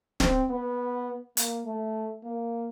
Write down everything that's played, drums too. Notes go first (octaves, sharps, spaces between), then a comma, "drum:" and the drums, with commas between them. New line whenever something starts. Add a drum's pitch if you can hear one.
C4, drum: snare
B3
A#3, drum: hi-hat
A3
A#3